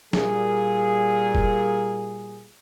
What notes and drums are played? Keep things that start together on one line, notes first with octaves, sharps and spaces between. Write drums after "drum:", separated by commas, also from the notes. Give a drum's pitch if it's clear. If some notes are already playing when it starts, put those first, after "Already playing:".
A#2 G3 A#3 G#4, drum: snare
drum: kick F1